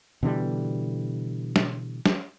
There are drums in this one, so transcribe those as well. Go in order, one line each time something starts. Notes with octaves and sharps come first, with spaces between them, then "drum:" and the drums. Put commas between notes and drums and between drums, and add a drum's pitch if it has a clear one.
B2 D3 E3 G3
drum: snare
drum: snare